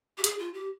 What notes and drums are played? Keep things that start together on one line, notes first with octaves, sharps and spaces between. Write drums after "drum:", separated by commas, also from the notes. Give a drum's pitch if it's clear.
G4
G#4, drum: hi-hat
F4
G4